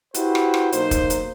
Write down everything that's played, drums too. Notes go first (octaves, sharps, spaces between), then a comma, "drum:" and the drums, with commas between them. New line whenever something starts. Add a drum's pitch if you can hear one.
E4 F#4 G4 B4 C5, drum: hi-hat
drum: rim click
drum: rim click
B1 A#3 D#4 C5, drum: hi-hat
drum: kick, hi-hat
drum: hi-hat